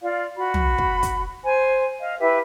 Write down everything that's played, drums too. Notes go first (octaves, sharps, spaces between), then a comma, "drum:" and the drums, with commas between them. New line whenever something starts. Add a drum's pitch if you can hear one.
F4 D5 F5
F#4 B5
drum: tom
drum: kick
drum: kick, hi-hat
C5 G#5
D#5 F5
E4 G4 B4 E5